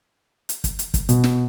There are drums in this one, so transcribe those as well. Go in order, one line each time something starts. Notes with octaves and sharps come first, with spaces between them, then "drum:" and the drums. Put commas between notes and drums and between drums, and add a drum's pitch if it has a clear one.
drum: hi-hat
drum: kick, hi-hat
drum: hi-hat
drum: kick, hi-hat
B2, drum: hi-hat
drum: snare